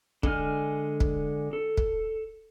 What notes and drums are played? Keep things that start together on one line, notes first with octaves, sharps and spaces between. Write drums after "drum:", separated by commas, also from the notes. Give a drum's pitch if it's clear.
D3 G#3 G#5 F6, drum: kick
drum: kick
A4
drum: kick